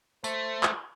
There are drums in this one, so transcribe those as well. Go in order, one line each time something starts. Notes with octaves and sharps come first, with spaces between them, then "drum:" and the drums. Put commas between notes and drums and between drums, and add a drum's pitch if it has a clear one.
A3 C5, drum: tambourine
drum: clap